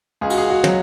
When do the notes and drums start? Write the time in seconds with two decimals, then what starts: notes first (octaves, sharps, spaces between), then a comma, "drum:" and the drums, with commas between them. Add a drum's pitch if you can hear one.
0.21 C#2 G#4
0.30 F#4, drum: cymbal
0.38 G#4
0.50 F#4
0.64 F#3, drum: tom